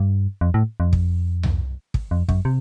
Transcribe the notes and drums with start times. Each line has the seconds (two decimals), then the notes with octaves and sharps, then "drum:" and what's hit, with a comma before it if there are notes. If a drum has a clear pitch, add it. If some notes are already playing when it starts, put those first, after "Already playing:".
Already playing: G2
0.41 F2
0.54 A2
0.80 F2
0.93 drum: kick
1.43 drum: tom C2
1.94 drum: kick
2.11 F2
2.29 F#2, drum: kick
2.45 C3